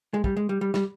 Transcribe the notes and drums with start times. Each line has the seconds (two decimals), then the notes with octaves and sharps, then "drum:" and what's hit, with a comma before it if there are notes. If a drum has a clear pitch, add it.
0.14 G#3
0.24 G3, drum: kick
0.37 G#3
0.49 G3
0.61 G3
0.74 G3, drum: snare